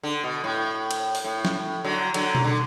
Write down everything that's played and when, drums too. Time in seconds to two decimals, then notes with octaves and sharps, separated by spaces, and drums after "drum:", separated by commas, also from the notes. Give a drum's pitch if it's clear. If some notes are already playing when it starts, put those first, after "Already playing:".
0.03 D3
0.24 B2
0.44 A2
0.91 drum: cymbal
1.15 drum: open hi-hat
1.24 A2
1.45 drum: snare
1.85 D3 F#3
2.14 D3 F#3, drum: cymbal
2.35 drum: tom B2
2.44 D3